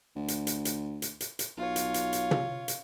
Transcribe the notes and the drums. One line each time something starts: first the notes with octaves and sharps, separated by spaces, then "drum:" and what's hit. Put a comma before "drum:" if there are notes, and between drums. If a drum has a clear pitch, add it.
D2
drum: hi-hat
drum: hi-hat
drum: hi-hat
drum: hi-hat
drum: hi-hat
drum: hi-hat
B1 F4 C#5
drum: hi-hat
drum: hi-hat
drum: hi-hat
drum: tom
drum: hi-hat